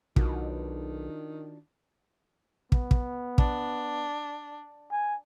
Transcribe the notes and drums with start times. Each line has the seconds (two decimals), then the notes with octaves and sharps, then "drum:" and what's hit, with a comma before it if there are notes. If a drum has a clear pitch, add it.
0.16 B1 D#3 D4 F4 F#4, drum: kick
2.72 B3, drum: kick
2.91 drum: kick
3.38 D4, drum: kick
4.91 G#5